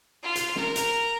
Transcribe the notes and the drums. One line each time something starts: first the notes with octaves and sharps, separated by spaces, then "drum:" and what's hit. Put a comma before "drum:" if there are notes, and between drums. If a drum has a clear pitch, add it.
F4
drum: hi-hat
A#4, drum: snare
drum: hi-hat